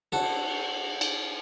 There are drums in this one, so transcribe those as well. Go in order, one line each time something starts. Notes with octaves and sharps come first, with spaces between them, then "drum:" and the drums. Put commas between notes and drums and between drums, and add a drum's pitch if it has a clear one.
F#4 A4, drum: cymbal
drum: cymbal